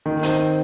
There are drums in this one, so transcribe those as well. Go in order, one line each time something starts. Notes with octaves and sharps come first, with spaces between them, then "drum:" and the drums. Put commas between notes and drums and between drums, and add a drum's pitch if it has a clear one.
D#3
C4, drum: hi-hat